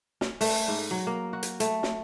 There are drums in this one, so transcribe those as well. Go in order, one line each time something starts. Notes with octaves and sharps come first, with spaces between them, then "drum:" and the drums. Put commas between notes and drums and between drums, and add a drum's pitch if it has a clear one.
C#4, drum: snare
A3, drum: open hi-hat
G#2
F#3
A#3
F#4
drum: hi-hat
A3, drum: hi-hat
drum: snare